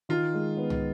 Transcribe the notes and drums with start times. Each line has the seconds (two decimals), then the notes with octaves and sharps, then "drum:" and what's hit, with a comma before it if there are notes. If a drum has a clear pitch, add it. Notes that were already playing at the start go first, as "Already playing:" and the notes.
0.09 D#3 F4
0.34 G#3
0.57 B3
0.70 drum: tom C2